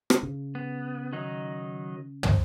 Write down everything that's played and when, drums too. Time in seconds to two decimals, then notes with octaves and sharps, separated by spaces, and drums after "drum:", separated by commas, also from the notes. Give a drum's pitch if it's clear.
0.10 drum: rim click
0.23 C#3
0.55 B3
1.13 D#3 F#3 D#4
2.23 drum: tom